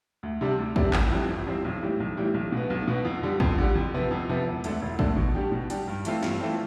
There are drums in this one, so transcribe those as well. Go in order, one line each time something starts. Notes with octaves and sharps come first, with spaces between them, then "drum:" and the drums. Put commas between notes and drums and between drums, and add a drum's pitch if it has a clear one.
D2
C3 G3 D4
D2
C3 G3 D4, drum: kick
G1, drum: clap
F2 E3 G3 C4
G1
F2 E3 G3 C4
B1
A2 E3 G3
B1
A2 E3 G3
B1
B2 B3
B1
B2 B3
F2
D3 G3
F2, drum: kick
D3 G3
F2
C3 F3 B3
F2
C3 F3 B3
E1
D2 D3 A3 D4, drum: hi-hat
E1
D2 D3 A3 D4, drum: kick
B2
G3 D4 G4
B2
G3 D4 G4, drum: hi-hat
G2
E3 A3 C4 F4, drum: hi-hat
G2, drum: snare
E3 A3 C4 F4